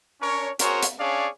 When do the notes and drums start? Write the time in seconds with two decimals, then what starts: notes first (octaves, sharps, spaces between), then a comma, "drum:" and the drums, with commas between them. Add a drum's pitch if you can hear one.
0.20 C#4 D4 A#4 C#5
0.59 C#4 F#4 G#4 A#4 C5 C#5, drum: hi-hat
0.83 drum: hi-hat
1.00 C#4 D4 G#4 C#5 D5 F5